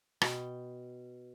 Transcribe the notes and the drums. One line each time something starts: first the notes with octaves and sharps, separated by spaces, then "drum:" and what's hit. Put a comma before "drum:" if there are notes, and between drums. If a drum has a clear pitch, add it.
B2 G5, drum: rim click